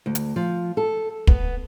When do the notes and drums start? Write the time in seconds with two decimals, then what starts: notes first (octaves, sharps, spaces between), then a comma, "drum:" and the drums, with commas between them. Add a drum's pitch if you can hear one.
0.06 D2
0.15 drum: hi-hat
0.36 F3
0.77 A4
1.27 B3, drum: kick